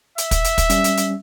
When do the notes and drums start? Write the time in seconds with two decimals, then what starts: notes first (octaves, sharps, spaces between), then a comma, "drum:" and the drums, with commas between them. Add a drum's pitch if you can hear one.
0.18 E5, drum: hi-hat
0.31 drum: kick, hi-hat
0.44 drum: hi-hat
0.58 drum: kick, hi-hat
0.70 G3 C#4, drum: hi-hat
0.84 drum: hi-hat
0.97 drum: hi-hat